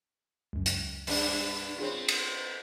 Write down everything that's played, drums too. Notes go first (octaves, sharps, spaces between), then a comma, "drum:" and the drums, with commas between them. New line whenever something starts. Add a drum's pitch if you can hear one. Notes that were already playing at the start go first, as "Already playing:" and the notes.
C#2 F#2
drum: hi-hat
G2 B3 D4, drum: open hi-hat
B3 C4 F4 G#4 C#5
drum: cymbal